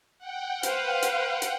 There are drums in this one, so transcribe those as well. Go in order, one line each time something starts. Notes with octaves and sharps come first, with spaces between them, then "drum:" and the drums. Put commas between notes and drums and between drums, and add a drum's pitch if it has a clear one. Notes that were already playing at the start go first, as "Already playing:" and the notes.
F#5 G5
B4 C5 F5, drum: hi-hat
drum: hi-hat
drum: hi-hat